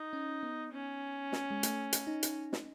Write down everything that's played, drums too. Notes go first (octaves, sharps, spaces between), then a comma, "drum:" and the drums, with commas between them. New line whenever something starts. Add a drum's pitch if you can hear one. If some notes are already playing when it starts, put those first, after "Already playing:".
Already playing: D#4
C#4
B3
C#4
drum: snare
G#3
A3, drum: hi-hat
drum: hi-hat
D#4
drum: hi-hat
drum: snare